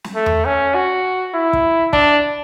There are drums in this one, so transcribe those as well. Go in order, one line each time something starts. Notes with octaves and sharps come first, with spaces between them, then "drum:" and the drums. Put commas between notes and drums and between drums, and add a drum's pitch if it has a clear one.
drum: snare
A3
drum: tom E2
C#4
F#4
E4
drum: kick
D4, drum: kick